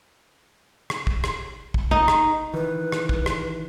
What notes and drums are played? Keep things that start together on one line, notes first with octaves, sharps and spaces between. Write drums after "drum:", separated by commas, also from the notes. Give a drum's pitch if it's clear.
drum: rim click
drum: kick
drum: rim click
drum: kick
D#4, drum: kick
drum: rim click
D#3 E3 B4
drum: rim click
drum: kick
drum: rim click